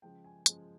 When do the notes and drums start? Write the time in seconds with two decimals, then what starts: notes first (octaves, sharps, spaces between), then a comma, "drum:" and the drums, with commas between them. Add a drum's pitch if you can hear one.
0.02 C#3 F3 G#3 G5
0.24 G#5
0.46 C#3 F3 G#3, drum: hi-hat